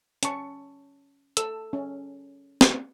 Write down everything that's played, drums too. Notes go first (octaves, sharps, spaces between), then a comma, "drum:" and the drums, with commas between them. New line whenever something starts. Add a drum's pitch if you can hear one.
C#4 G#5 A5 C#6, drum: hi-hat
A4 E6, drum: hi-hat
C#4
drum: snare